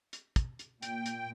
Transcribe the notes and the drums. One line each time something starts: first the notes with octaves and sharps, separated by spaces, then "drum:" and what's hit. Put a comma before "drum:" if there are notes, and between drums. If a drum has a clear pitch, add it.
drum: hi-hat
drum: kick, hi-hat
drum: hi-hat
A#2 G5, drum: hi-hat
drum: hi-hat